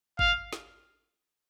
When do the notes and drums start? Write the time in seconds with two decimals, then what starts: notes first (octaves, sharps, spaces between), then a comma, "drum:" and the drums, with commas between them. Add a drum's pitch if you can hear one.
0.19 F5, drum: kick G#1
0.53 drum: snare